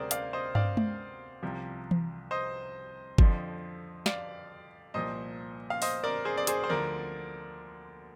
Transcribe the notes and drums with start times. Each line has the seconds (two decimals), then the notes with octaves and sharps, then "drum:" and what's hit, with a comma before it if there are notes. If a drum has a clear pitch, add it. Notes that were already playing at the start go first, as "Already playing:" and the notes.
Already playing: D2 C3 G3 G#4 A#4 C5 D5
0.11 D5 F5, drum: hi-hat
0.33 C5 D#5
0.55 D5 F5, drum: tom
0.77 drum: tom G#3
1.43 C2 C3 F3
1.91 drum: tom E3
2.31 C5 D#5
3.18 F2 D3 F3, drum: kick G1
4.06 D5 F5, drum: snare
4.94 C2 A#2 F3 C5 D#5
5.70 F5
5.82 C5 D#5, drum: open hi-hat
6.04 A#4 D5
6.25 G#4 C5
6.38 D5
6.47 G#4 C5, drum: hi-hat
6.64 C5
6.69 D2 D3 F3 A#4 D5